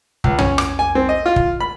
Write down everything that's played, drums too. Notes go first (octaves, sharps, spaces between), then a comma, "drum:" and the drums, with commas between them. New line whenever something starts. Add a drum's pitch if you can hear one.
C#2, drum: kick
C#4, drum: tom
D6, drum: rim click
G#5
C4
D#5
F4
drum: kick
B5